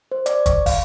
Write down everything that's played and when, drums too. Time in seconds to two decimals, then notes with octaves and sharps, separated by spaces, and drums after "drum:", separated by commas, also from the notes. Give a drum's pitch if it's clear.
0.12 C5
0.26 D5, drum: hi-hat
0.46 C#6, drum: kick, hi-hat
0.66 F5, drum: kick, open hi-hat